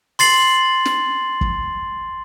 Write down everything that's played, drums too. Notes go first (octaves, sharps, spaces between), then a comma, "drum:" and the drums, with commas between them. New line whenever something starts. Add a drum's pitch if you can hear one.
C6 A6 C7 F#7, drum: open hi-hat
drum: snare
drum: kick